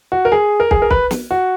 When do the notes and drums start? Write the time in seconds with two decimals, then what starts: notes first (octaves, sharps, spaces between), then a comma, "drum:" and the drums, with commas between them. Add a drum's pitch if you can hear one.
0.12 F#4
0.25 A#4
0.32 G#4
0.60 A#4
0.71 G#4, drum: kick
0.82 A#4
0.91 B4, drum: kick
1.11 drum: snare
1.31 F#4